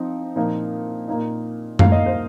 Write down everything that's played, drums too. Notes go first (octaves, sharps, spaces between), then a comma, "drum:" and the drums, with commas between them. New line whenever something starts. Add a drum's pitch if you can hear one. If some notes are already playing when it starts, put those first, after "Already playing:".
Already playing: F3 C4 D#4
A#2 F3 A#3 D#4
A#2 A#3 D#4
A#2 A#3 D#4 F5, drum: tom F#2
D#5
C5